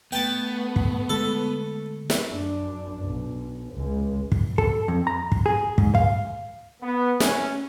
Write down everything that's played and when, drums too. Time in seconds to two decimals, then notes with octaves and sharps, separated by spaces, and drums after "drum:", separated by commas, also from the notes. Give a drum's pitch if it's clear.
0.12 A3 B3 G5 A5
0.76 drum: kick
1.09 D3 G#3 A4
2.10 drum: snare
2.30 F#2 D4
3.02 B1
3.72 C#2 G#3
4.32 drum: kick
4.58 A4, drum: kick
4.88 F2
5.07 A#5
5.32 drum: kick
5.46 G#4
5.78 G#2, drum: kick
5.95 F5, drum: kick
6.82 B3
7.20 C#4, drum: snare